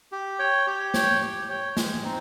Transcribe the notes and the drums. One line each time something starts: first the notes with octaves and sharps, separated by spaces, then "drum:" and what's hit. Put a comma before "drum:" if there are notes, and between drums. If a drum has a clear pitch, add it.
G4
C#5 G5
G4
C#5 G5, drum: snare
G4
C#5 G5
G#3, drum: snare
C4 D#4